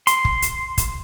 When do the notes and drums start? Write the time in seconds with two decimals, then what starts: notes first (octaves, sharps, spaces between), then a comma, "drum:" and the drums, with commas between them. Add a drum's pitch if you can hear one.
0.07 C6, drum: hi-hat
0.25 drum: kick
0.42 drum: hi-hat
0.78 drum: kick, hi-hat